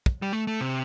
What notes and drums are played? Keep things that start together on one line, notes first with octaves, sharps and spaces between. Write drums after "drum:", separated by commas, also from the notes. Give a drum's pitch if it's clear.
drum: kick
G3
A3
A3
C3